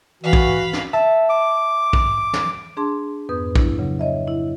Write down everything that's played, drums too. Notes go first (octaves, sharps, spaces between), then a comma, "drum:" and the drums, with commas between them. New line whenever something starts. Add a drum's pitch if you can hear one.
E3 F#4 F5 B5
drum: kick
drum: snare
E5 A5
D6
drum: kick
drum: snare
D4 G#4 A5 C6 D6
F2 G#2 B3 B4 D#6 G6
F3 D4 E4, drum: kick
C#3 F#3
C#5 D#5 E5
E4